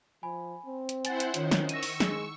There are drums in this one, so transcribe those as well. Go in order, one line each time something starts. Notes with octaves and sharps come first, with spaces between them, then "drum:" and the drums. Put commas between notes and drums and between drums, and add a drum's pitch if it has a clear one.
F3 G#5 B5
C4
drum: hi-hat
E4 C5 F#5 G#5 A6, drum: hi-hat
drum: hi-hat
D#3 C#4 F4 C#5, drum: hi-hat
drum: snare
C#6 E6 A#6 D#7, drum: hi-hat
drum: open hi-hat
G#3, drum: snare